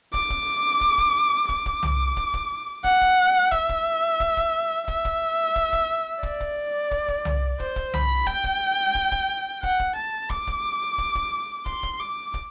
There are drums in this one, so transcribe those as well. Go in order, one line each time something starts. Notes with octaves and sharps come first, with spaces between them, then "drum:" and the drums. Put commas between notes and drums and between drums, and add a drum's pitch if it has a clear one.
D6, drum: kick
drum: kick
drum: kick
drum: kick
D6, drum: kick
drum: kick
drum: tom C2
drum: kick
drum: kick
F#5, drum: kick
drum: kick
E5, drum: kick
drum: kick
drum: kick
drum: kick
E5, drum: kick
drum: kick
drum: kick
drum: kick
D5, drum: kick
drum: kick
drum: kick
drum: kick
drum: tom C2
C5, drum: kick
drum: kick
B5, drum: tom C2
G5, drum: kick
drum: kick
drum: kick
drum: kick
F#5, drum: kick
drum: kick
A5
D6, drum: kick
drum: kick
drum: kick
drum: kick
C6, drum: kick
drum: kick
D6
drum: kick